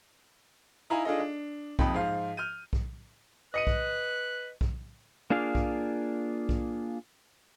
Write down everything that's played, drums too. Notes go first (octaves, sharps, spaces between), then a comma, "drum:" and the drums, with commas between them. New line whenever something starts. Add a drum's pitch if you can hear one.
D#4 E4 F5 G#5 A#5
D4 D#4 F4 G#4 A4 D#5
D4
D#1 F2 D#4 G5 B5, drum: kick B1
G#2 F3 F4 F5
F6 G6 D#7
drum: kick B1
B4 D#5 F#6 C#7 D#7
drum: kick B1
drum: kick B1
A#3 D4 F4 G#4 F5
drum: kick B1
drum: kick B1